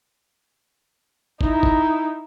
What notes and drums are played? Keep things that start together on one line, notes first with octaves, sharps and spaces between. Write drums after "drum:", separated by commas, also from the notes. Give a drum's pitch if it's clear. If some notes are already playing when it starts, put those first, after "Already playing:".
D#4 E4, drum: kick
drum: kick